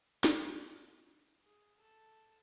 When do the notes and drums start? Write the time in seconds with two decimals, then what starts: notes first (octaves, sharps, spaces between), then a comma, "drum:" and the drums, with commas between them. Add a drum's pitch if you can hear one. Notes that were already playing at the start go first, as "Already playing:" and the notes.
0.24 drum: snare
1.44 G#4
1.79 A4 A5